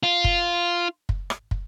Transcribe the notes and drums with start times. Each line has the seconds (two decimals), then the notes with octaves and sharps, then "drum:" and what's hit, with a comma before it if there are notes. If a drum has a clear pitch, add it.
0.03 F4
0.24 drum: kick
1.09 drum: kick
1.30 drum: rim click
1.51 drum: kick